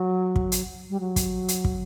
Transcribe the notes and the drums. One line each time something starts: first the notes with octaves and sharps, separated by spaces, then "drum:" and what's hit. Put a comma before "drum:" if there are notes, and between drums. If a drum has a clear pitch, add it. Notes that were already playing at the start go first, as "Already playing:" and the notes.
Already playing: F#3
drum: kick
drum: hi-hat
G3
F#3
drum: kick, hi-hat
drum: hi-hat
drum: kick